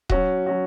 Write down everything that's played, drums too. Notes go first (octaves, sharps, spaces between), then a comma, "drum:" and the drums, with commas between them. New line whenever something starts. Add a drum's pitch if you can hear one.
F#3 C#4 F#4, drum: kick D#1
F#3 C#4 F#4